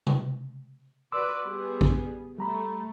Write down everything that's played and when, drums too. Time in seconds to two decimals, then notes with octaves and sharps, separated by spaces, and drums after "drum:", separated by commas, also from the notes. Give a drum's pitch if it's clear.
0.07 drum: tom C3
1.12 F#4 B4 D5 C6 D6 E6
1.45 G3 B3 G#4
1.81 drum: kick A1
2.38 G3 A3 A#5 B5